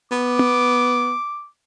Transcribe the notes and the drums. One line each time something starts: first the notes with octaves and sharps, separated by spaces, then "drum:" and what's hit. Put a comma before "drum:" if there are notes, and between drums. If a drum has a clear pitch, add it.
B3 D6
drum: tom B3